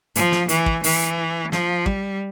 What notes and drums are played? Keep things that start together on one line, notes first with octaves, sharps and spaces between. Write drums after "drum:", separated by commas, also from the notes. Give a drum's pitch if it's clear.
F3, drum: hi-hat
drum: snare
E3, drum: hi-hat
drum: kick
E3, drum: open hi-hat
F3, drum: snare
G3, drum: kick